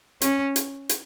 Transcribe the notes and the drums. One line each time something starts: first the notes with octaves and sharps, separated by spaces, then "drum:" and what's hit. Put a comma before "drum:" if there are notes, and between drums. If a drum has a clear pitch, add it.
C#4, drum: hi-hat
drum: hi-hat
drum: hi-hat